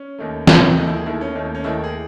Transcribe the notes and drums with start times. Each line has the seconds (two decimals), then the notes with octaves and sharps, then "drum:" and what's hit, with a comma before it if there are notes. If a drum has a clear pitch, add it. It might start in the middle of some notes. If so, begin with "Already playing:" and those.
Already playing: C#4
0.19 D#2 D#3 A3
0.47 D#2 D#3 A3, drum: snare
0.77 D#2 D#3 A3 D#4
0.87 E4
0.97 G#4
1.06 D#2 D#3 A3 E4
1.21 C#4
1.35 D#2 D#3 A3 C#4
1.45 D#4
1.55 C#4
1.64 D#2 D#3 A3 E4
1.84 G#4